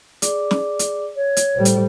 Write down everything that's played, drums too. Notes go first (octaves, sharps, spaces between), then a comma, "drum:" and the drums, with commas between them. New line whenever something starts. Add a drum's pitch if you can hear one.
G#4 D5 D6, drum: hi-hat
drum: snare
drum: hi-hat
C#5
drum: hi-hat
A2 G3 A4 C5
drum: hi-hat